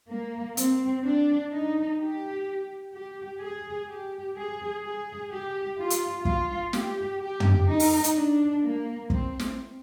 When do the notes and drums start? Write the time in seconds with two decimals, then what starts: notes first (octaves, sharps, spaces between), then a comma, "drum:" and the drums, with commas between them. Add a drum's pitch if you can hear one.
0.09 A#3
0.57 C4, drum: hi-hat
1.04 D4
1.52 D#4
1.99 G4
2.93 G4
3.42 G#4
3.89 G4
4.36 G#4
4.84 G#4
5.31 G4
5.78 F4
5.90 drum: hi-hat
6.25 F4, drum: kick
6.73 G4, drum: snare
7.21 G4
7.40 drum: tom
7.68 D#4
7.80 drum: open hi-hat
8.04 drum: hi-hat
8.15 D4
8.62 A#3
9.10 C4, drum: kick
9.39 drum: snare